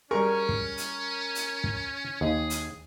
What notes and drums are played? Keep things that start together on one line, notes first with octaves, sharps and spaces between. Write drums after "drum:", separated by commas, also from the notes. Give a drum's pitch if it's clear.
G3 C#4 G#4 A#4 C#6
drum: kick
drum: hi-hat
drum: hi-hat
drum: kick
D#2 G#4
drum: hi-hat